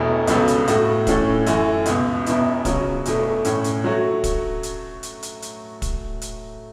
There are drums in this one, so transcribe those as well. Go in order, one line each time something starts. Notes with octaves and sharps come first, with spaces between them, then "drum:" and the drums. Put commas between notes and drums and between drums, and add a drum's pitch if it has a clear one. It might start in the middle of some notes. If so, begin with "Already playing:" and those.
Already playing: E1 E2 B2 A3 E4
C#2 C#3 F#3 B3 A4, drum: hi-hat
drum: hi-hat
A2 A3 F#4, drum: hi-hat
A2 E3 C#4 A4, drum: kick, hi-hat
F#2 E3 A3 F#4, drum: hi-hat
C#2 B2 B3, drum: hi-hat
E1 E2 B2 B3 E4, drum: hi-hat
C#3 F#3 C#4, drum: kick, hi-hat
E2 B2 A3, drum: hi-hat
A2 E3 C#4, drum: hi-hat
drum: hi-hat
F#3 A3 F#4 C#5
drum: kick, hi-hat
drum: hi-hat
drum: hi-hat
drum: hi-hat
drum: hi-hat
drum: kick, hi-hat
drum: hi-hat